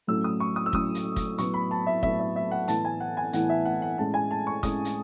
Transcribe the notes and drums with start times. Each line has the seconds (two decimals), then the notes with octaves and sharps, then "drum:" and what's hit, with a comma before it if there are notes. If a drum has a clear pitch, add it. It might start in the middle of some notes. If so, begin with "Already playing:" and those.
0.07 A2 F#3 A3 C#4 E6
0.24 D#6
0.40 C#6
0.56 D#6
0.66 E6
0.73 A2 F#3 A3 C#4 D#6, drum: kick
0.95 drum: hi-hat
1.16 drum: kick, hi-hat
1.38 A2 F#3 B3 C#6, drum: hi-hat
1.54 B5
1.71 A5
1.87 E5
2.03 A2 F#3 B3 E5, drum: kick
2.20 E5
2.36 E5
2.51 F#5
2.68 A2 E3 B3 A5, drum: hi-hat
2.85 G#5
3.00 F#5
3.17 G#5
3.33 A2 E3 B3 F#5, drum: hi-hat
3.49 E5
3.65 F#5
3.82 F#5
3.98 A2 G#3 C#4 A5
4.14 G#5
4.31 A5
4.47 C#6
4.63 A2 G#3 C#4 D#6, drum: kick, hi-hat
4.85 drum: hi-hat